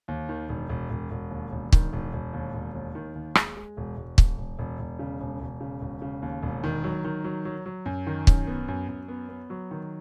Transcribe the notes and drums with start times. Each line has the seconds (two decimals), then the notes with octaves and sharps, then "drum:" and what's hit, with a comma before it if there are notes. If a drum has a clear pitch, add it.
0.08 D#2
0.29 D#3
0.49 E1
0.69 E1
0.90 E1
1.11 E1
1.31 D#2
1.52 E1
1.72 D#3, drum: kick
1.93 E1
2.13 E1
2.33 D#2
2.54 E1
2.75 D#2
2.95 D#3
3.15 D#2
3.35 G#3, drum: rim click
3.57 G#3
3.77 E1
3.97 E1
4.18 E1, drum: kick
4.38 E1
4.59 E1
4.79 E1
4.99 C#3
5.20 E1
5.41 E1
5.61 C#3
5.81 E1
6.02 C#3
6.22 D#2
6.43 E1
6.64 D#3
6.84 F#3
7.04 D#3
7.24 F#3
7.45 F#3
7.66 F#3
7.86 F#2
8.07 D#3
8.27 F#2, drum: kick
8.47 B3
8.68 F#2
8.88 F#2
9.08 B3
9.29 B3
9.50 F#3
9.71 D#3